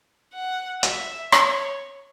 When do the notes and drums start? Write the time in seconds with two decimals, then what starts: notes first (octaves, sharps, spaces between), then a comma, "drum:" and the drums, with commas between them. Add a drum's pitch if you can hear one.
0.34 F#5
0.83 E5, drum: hi-hat
1.32 C#5, drum: rim click